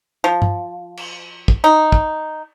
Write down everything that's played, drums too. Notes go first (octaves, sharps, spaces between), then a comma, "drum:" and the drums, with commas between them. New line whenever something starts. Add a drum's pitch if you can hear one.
F3
drum: tom
drum: cymbal
drum: kick
D#4
drum: kick